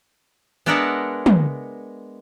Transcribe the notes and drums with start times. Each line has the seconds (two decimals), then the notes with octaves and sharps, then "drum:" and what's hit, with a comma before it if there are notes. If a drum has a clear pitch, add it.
0.66 G#3 B3 D4 A#4 E5 F#5
1.26 drum: tom